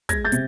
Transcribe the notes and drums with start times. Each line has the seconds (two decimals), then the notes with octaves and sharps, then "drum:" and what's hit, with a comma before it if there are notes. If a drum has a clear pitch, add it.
0.09 G#3 G#6 A#6, drum: kick, hi-hat
0.25 G6 A6
0.32 C3, drum: hi-hat